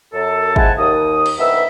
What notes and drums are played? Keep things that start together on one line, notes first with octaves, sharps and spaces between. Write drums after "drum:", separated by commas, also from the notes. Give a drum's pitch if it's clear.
F#2 A4
F3 G#3 E4 F#5 G#5 A5, drum: kick G1
D#2 D#6
drum: cymbal
C2 G2 B3 D#4 E5